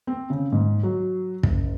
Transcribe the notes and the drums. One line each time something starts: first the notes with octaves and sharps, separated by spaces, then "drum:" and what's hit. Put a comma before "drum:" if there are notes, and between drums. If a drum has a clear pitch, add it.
C4
C#3
G#2
F#3
F#1, drum: kick